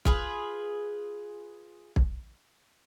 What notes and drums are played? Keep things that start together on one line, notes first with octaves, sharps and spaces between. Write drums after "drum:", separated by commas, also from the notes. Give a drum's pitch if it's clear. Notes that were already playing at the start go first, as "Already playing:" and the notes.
F4 G#4 B4, drum: kick
drum: kick